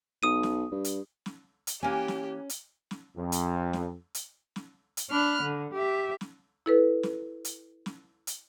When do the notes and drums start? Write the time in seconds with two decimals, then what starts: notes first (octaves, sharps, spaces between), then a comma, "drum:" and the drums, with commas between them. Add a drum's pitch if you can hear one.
0.23 B1 D#6 D#7
0.43 drum: snare
0.71 G2
0.84 drum: hi-hat
1.26 drum: snare
1.67 drum: hi-hat
1.83 E3 A#3 C#4 G4 G#5
2.08 drum: snare
2.49 drum: hi-hat
2.91 drum: snare
3.17 F2
3.32 drum: hi-hat
3.73 drum: snare
4.15 drum: hi-hat
4.56 drum: snare
4.97 drum: hi-hat
5.10 D4 B5 F6 F#6
5.43 D3
5.73 G4 E5
6.21 drum: snare
6.66 E4 A4 B4
7.03 drum: snare
7.45 drum: hi-hat
7.86 drum: snare
8.27 drum: hi-hat